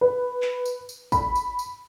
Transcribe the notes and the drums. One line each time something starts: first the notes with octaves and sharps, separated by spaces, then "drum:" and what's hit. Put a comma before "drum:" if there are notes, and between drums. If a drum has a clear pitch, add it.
B4
drum: clap
drum: tambourine
drum: tambourine
B5, drum: kick, tambourine
drum: tambourine
drum: tambourine